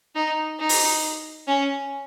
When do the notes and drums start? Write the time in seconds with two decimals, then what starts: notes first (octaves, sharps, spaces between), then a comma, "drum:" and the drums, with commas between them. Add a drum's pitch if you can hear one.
0.15 D#4
0.59 D#4
0.69 drum: open hi-hat
1.47 C#4